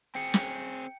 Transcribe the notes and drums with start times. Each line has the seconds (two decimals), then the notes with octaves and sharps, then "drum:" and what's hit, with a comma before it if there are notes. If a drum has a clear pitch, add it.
0.15 C4 G#4 G5 C#7
0.34 drum: snare